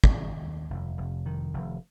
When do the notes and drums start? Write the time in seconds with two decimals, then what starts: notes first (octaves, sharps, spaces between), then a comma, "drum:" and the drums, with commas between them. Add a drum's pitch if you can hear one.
0.04 drum: kick
0.15 D#3
0.43 D#2
0.70 F1
0.98 F1
1.26 D#3
1.54 F1